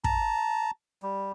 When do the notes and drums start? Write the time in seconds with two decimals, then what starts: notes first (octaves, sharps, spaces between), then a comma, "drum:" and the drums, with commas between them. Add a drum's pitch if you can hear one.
0.04 A5 A#5, drum: kick
1.02 G3